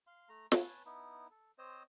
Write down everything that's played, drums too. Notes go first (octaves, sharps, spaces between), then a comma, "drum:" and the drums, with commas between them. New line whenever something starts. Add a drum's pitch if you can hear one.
F5 C6
A3 A#5
B4 C#5 G#5 A5, drum: snare
B3 D#4 E4
A4
C4 C5 C#5 D#5